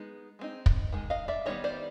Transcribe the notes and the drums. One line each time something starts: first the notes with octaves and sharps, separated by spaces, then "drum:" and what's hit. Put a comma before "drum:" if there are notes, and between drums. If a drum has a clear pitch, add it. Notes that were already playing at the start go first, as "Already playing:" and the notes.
Already playing: G#3 B3 D#4
G#3 C4 D#4
drum: kick
D#3 G#3
D#5 F5
D5 E5
D#3 G3 B3 C#5 D#5
C5 D5